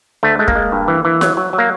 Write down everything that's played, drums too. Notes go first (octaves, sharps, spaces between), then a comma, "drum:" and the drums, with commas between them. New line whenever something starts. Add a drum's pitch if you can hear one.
D2 A3
G#3 A3
A#3, drum: kick
G#3
G2
E3
E3
F#3, drum: snare E4
F#3
F#3
A#3